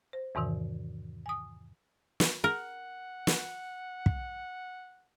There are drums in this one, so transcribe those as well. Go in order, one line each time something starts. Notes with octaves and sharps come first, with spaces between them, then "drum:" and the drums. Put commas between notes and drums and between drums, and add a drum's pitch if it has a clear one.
C5
E2 G#2 C3 D#3 E3
G#5 D#6
drum: snare
A#4 F#5
drum: snare
drum: kick